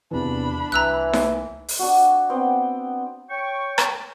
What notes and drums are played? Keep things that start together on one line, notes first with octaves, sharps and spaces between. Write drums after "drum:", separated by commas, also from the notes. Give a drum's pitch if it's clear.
E2 C3 E3 D4 B5
C2 E3 A#5 E6 F#6 B6
drum: snare D#4
drum: open hi-hat
D4 F#4
B3 C4 G5
C#5 G5 C#6
drum: rim click